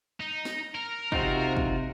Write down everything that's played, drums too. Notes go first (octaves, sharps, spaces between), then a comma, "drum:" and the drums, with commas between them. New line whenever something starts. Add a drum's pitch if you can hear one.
D#4
drum: snare
A#4
C3 C4 D#4 F4 F#4, drum: kick
drum: kick